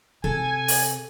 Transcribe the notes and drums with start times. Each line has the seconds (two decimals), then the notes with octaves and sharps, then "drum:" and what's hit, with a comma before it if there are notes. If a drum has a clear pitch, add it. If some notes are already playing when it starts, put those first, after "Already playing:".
0.24 C3 A4 G#5
0.68 drum: open hi-hat